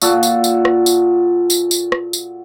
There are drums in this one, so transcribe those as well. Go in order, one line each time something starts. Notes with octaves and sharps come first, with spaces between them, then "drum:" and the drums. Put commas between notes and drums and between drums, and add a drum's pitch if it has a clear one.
A#2 F#4 A4, drum: tambourine
drum: tambourine
drum: tambourine
drum: rim click
drum: tambourine
drum: tambourine
drum: tambourine
drum: rim click
drum: tambourine